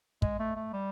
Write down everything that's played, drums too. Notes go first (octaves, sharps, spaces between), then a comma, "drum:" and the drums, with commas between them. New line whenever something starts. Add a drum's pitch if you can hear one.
G#3, drum: kick
A3
A3
G3